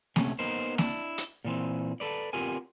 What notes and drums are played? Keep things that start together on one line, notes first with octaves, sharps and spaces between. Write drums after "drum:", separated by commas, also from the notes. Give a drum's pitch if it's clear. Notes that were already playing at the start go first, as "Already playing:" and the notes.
C3 A3 C#4, drum: snare A#3
A#3 B3 D#4 A#4 C5
D4 E4, drum: snare A#3
drum: hi-hat
A#2 E3 C4
A4 B4 D5
B3 C4 F4 G4 A#4 G#5